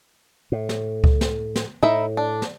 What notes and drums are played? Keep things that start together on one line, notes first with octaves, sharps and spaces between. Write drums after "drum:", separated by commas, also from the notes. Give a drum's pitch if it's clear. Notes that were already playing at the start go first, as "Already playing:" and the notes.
A2
drum: snare
drum: kick C#2
drum: snare
drum: snare
A2 D#4 E4 E5
D4
drum: snare